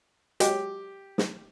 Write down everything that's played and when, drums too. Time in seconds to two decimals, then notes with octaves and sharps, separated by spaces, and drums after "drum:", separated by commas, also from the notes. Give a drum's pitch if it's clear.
0.40 F#3 G#3 G4, drum: hi-hat
1.18 drum: snare